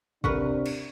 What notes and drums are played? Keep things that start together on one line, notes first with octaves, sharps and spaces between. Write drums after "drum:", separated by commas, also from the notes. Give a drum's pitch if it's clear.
C3 D4 A#4 B4 F#5 C#6, drum: kick
drum: cymbal